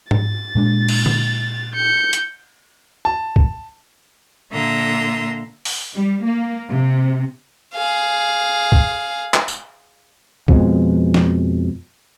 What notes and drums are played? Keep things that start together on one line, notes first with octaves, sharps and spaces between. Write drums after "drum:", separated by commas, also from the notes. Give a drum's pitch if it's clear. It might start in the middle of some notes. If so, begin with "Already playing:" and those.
A6, drum: tom G#2
A#2 G#3 D4
drum: cymbal
drum: tom D3
G6 C#7
drum: hi-hat
A5
drum: kick B1
A#2 D3 A#3 E5 A#5 C6
drum: open hi-hat
G3
A#3
C3
G#4 F5
drum: kick B1
drum: clap
drum: tambourine
F2 B2 F3 G#3, drum: kick B1
drum: snare